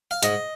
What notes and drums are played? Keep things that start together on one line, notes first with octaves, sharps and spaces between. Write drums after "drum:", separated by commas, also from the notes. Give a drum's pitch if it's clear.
F5
G#2 D#5, drum: hi-hat